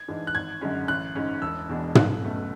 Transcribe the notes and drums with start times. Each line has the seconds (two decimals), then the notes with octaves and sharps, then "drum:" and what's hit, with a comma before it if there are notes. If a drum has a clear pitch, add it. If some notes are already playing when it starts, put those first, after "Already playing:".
Already playing: G#6
0.08 G#2 E3 G#3 D4
0.27 F#6
0.35 G#1 G#6
0.61 F#2 D3 G#3 C#4
0.88 A1 F#6
1.15 G#2 G#3 C#4
1.42 E1 E6
1.69 E2 B2 G#3 D4
1.95 B1 F#6, drum: tom
2.22 B2 A3 C#4